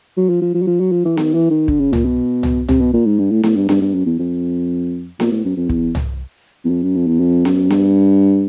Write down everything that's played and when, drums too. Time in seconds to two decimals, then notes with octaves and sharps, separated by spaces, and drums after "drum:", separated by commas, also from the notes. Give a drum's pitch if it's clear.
0.17 F#3
0.29 F3
0.42 F3
0.55 F3
0.62 F#3
0.67 F3
0.80 F#3
0.92 F3
1.05 E3
1.17 D#3, drum: snare B3
1.34 E3
1.50 D#3
1.68 D3, drum: kick
1.80 C#3
1.93 A#2, drum: tom C2
2.05 B2
2.43 drum: tom C2
2.68 C3, drum: tom C2
2.81 B2
2.93 A#2
3.06 G#2
3.19 G2
3.31 A2
3.43 A2, drum: snare B3
3.56 G2
3.69 G2, drum: snare B3
3.82 G2
3.94 F#2
4.06 E2
4.19 F2
5.20 A#2, drum: snare B3
5.32 A2
5.45 F#2
5.57 F2
5.69 E2, drum: kick
5.95 drum: tom C2
6.65 E2
6.70 F2
6.83 F#2
6.96 F2
7.07 E2
7.20 F2
7.45 F#2, drum: snare B3
7.70 G2, drum: snare B3